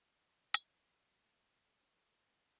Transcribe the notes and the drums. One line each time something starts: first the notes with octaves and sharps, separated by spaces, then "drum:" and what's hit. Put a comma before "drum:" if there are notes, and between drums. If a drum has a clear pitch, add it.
F3
F3
drum: hi-hat
A3
G#3
B3
A#3
A3
A3
B3